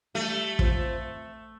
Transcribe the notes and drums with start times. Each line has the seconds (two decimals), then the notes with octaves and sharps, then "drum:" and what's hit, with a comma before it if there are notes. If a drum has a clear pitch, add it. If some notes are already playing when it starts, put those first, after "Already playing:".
0.15 G3 A3
0.59 C4 F4 C5, drum: kick